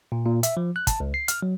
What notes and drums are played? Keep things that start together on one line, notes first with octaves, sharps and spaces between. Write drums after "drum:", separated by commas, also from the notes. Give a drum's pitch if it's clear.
A#2
A#2
E5, drum: hi-hat
F3
F#6
A5, drum: kick, hi-hat
C#2
C7
F6, drum: hi-hat
F#3